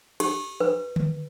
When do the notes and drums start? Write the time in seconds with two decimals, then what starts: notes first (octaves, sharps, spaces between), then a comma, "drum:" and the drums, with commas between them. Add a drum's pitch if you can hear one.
0.20 G4, drum: cymbal
0.60 B4
0.96 drum: tom D3